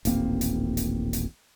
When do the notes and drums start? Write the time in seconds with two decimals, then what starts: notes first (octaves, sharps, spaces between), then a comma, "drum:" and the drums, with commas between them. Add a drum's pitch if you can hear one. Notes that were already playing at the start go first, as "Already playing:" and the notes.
0.05 D#1 A1 A#3 C4, drum: hi-hat
0.41 drum: hi-hat
0.77 drum: hi-hat
1.13 drum: hi-hat